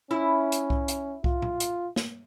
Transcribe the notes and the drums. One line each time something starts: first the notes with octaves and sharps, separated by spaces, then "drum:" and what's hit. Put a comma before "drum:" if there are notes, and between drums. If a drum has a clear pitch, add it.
C#4 E4
drum: hi-hat
drum: kick C2
drum: hi-hat
F4, drum: kick C2
drum: tom A#2
drum: hi-hat
drum: snare